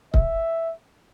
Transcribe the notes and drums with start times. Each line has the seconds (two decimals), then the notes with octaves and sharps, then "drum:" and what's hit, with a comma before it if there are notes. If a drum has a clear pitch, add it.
0.14 E5, drum: kick C#1